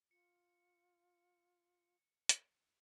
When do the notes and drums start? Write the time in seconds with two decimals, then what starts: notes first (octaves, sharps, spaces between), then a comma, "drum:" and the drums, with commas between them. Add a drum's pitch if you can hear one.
0.11 F4 C#7
2.29 drum: hi-hat